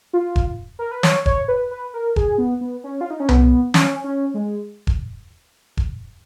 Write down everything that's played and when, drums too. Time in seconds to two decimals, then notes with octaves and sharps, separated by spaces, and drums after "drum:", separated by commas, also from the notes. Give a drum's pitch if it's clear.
0.13 F4
0.36 drum: kick E1
0.79 A#4
0.91 B4
1.03 C#5, drum: snare
1.26 C#5, drum: kick E1
1.48 B4
1.71 B4
1.94 A#4
2.16 G#4, drum: kick E1
2.38 B3
2.61 B3
2.84 C#4
3.01 F4
3.10 D#4
3.20 C#4
3.29 B3, drum: tom C2
3.74 C#4, drum: snare
4.04 C#4
4.34 G#3
4.87 drum: kick E1
5.77 drum: kick E1